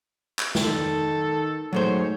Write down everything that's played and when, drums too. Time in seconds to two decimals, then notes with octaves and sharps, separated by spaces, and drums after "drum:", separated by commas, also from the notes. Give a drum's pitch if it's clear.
0.39 drum: clap
0.55 D#3 A4, drum: snare
1.73 G#2 F#3 A3 C5 C#5